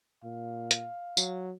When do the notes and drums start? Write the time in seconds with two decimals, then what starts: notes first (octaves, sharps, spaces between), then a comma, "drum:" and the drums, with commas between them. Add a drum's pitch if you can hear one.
0.24 A#2 F5
0.71 drum: hi-hat
1.17 F#3, drum: tambourine